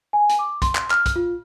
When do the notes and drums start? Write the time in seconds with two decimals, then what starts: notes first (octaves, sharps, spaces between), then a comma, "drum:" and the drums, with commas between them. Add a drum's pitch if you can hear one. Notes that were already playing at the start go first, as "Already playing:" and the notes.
0.13 G#5
0.29 drum: hi-hat
0.39 D6
0.62 C6, drum: kick B1, hi-hat
0.75 drum: clap
0.90 F6, drum: clap
1.06 drum: kick B1, hi-hat
1.16 F4